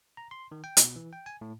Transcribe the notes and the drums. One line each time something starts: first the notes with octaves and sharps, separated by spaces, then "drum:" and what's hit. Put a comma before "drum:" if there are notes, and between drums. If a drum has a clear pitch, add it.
A#5
C6
D#3
G5
B2, drum: hi-hat
E3
G5
G#5
A2